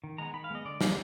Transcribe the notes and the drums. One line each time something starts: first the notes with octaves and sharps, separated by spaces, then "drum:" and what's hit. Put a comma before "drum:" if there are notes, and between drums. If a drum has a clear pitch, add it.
D#3
G#3 B3 A#5
D#3 B5
F5
G#3 B3 D#5
D3 D5
G#3 B3, drum: snare